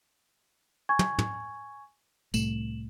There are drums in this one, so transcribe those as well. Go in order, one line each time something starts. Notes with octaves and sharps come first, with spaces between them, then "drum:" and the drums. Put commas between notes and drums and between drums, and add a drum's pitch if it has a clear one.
G#5 C#6 G#6
drum: tom
drum: tom
C2 A2 A3 E7 F#7, drum: tambourine